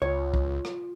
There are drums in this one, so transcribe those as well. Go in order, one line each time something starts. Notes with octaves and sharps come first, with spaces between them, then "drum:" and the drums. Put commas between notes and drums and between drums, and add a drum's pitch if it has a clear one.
C#2 F4 C#5
drum: kick
drum: rim click